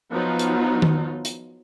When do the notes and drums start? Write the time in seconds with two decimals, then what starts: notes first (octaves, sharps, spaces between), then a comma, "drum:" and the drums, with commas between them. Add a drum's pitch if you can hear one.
0.12 F3 F#3 B3 D#4 F4
0.39 drum: hi-hat
0.82 drum: tom D#3
1.25 drum: hi-hat